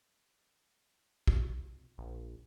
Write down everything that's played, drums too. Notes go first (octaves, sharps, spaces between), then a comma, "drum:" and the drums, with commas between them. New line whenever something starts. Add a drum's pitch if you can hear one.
drum: kick
A#1